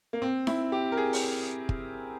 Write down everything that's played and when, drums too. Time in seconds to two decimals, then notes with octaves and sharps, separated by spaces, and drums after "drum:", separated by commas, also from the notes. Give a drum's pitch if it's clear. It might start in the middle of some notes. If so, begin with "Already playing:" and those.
0.13 A#3
0.22 C4
0.47 E4, drum: snare D#4
0.72 G4
0.92 A#4
0.97 G#4
1.13 drum: open hi-hat
1.69 drum: kick